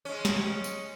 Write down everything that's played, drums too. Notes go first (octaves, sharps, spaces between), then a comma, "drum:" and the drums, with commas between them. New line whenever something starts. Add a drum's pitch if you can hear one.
G#3 C#4
drum: snare
drum: tambourine